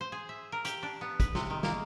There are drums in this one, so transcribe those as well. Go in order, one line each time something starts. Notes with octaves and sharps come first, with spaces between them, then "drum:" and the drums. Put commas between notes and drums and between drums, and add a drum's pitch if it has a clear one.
C5
G#4
E5
A#4
G4, drum: hi-hat
D4
B3
B4, drum: kick, hi-hat
C3, drum: snare
D#3
A#3, drum: snare